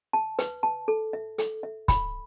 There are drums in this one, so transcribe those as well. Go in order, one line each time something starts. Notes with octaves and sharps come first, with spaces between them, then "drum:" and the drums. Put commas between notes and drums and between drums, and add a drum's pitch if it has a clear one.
A5
B4, drum: hi-hat
A5
A4
E5
A4, drum: hi-hat
E5
B5, drum: kick, hi-hat